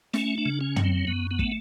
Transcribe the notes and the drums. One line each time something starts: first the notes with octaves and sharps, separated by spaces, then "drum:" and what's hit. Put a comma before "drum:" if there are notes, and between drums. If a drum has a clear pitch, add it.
A3 C#4, drum: snare
D4
C#3
C#4
F#3, drum: tom
C4
F#2 B3
B3
A3, drum: kick